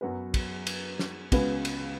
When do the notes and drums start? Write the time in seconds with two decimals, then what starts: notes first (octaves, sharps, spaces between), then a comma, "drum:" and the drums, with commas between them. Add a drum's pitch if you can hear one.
0.01 F#2 F#3 B3 F#4 B4
0.34 drum: kick, cymbal
0.67 drum: cymbal
0.99 drum: snare
1.32 C#2 C#3 B3 F#4 B4, drum: kick, cymbal
1.65 drum: cymbal